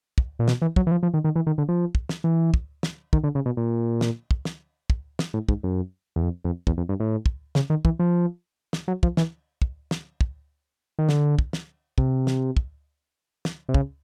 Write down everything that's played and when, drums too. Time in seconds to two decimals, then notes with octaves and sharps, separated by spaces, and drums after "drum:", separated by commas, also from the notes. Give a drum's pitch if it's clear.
0.18 drum: kick
0.39 A#2
0.48 B2, drum: snare
0.62 E3
0.76 F#3, drum: kick
0.87 E3
0.91 F3
1.03 F3
1.14 D#3
1.24 D#3
1.36 E3
1.47 D#3
1.58 D3
1.69 F3
1.95 drum: kick
2.09 drum: snare
2.24 E3
2.54 drum: kick
2.83 drum: snare
3.13 D#3, drum: kick
3.24 D3
3.35 C#3
3.46 B2
3.57 A#2
4.01 drum: snare
4.31 drum: kick
4.45 drum: snare
4.90 drum: kick
5.19 drum: snare
5.34 A2
5.49 G#2, drum: kick
5.63 F#2
6.16 E2
6.22 F2
6.45 F2
6.67 E2, drum: kick
6.77 F2
6.89 G2
7.00 A2
7.26 drum: kick
7.55 C#3, drum: snare
7.70 D#3
7.85 E3, drum: kick
7.99 F3
8.73 drum: snare
8.88 F#3
9.03 F3, drum: kick
9.17 E3, drum: snare
9.62 drum: kick
9.91 drum: snare
10.21 drum: kick
10.99 D#3
11.09 D3, drum: snare
11.39 drum: kick
11.53 drum: snare
11.98 C3, drum: kick
12.27 drum: snare
12.57 drum: kick
13.45 drum: snare
13.69 C3
13.74 C#3, drum: kick